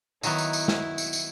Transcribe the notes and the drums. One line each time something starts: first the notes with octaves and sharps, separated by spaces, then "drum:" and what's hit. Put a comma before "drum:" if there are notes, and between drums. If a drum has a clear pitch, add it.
D#3 F#3 B3 E4, drum: tambourine
drum: tambourine
drum: tambourine
drum: snare
drum: tambourine
drum: tambourine